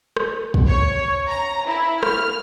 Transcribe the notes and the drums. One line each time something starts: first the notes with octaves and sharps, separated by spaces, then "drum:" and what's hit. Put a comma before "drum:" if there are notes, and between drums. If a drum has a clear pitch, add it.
drum: rim click
drum: kick
C#5
A#5
E4
F6, drum: rim click